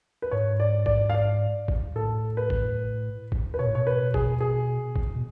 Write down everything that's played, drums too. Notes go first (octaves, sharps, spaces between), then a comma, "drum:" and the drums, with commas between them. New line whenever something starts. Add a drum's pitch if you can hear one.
B4
G#2 C#5
D5
D5, drum: kick
F5
D5
drum: kick
A2 A4
B4
drum: kick
drum: kick
B4
B2 C#5
A2
B2 C#5
B4
G#4, drum: kick
G#4
drum: kick
B2